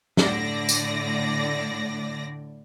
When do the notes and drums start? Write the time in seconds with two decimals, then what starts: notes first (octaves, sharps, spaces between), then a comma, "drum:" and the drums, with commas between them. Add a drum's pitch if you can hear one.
0.17 A2 D3 D5 A#6, drum: snare
0.69 drum: tambourine